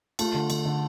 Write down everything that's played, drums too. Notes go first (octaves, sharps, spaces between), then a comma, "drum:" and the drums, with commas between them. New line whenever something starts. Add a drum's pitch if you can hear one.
A3 F4, drum: cymbal
D3
D3, drum: cymbal
D3